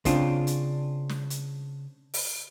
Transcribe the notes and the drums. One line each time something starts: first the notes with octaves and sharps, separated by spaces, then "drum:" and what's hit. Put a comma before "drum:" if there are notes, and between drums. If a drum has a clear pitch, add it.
C#3 C4 D4 F4, drum: kick, hi-hat
drum: hi-hat
drum: snare
drum: hi-hat
drum: open hi-hat